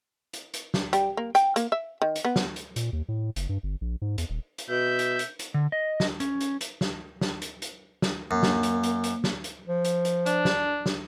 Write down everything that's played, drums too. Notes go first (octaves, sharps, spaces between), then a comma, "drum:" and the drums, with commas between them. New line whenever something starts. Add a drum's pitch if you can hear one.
drum: hi-hat
drum: hi-hat
drum: snare
G3, drum: hi-hat
A#3
G5, drum: hi-hat
A#3, drum: hi-hat
E5
D#3
drum: hi-hat
B3
drum: snare
drum: hi-hat
A#2, drum: hi-hat
D#2
A2
F#1, drum: hi-hat
G2
G1
A#1
G#2
E2, drum: hi-hat
D#1
drum: hi-hat
B2 E5 G6
drum: hi-hat
drum: hi-hat
drum: hi-hat
D3
D#5
drum: snare
C#4, drum: hi-hat
drum: hi-hat
drum: hi-hat
drum: snare
drum: snare
drum: hi-hat
drum: hi-hat
drum: snare
F#2 A#3
drum: snare
drum: hi-hat
drum: hi-hat
drum: hi-hat
drum: snare
drum: hi-hat
F3
drum: hi-hat
drum: hi-hat
D4, drum: hi-hat
drum: snare
drum: snare